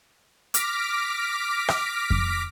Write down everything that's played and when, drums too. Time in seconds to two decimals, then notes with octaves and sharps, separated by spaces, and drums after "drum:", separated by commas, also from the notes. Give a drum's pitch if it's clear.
0.54 D6 F6 A#6 B6 D7, drum: hi-hat
1.68 drum: rim click
2.10 drum: kick F2